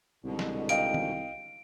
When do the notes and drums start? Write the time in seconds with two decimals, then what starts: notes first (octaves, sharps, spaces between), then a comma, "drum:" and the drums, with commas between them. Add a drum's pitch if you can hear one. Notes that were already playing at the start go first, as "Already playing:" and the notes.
0.24 C2 G#2 B2 D3
0.39 drum: snare
0.69 D#5 F5 G5 D7, drum: hi-hat
0.94 drum: tom D#3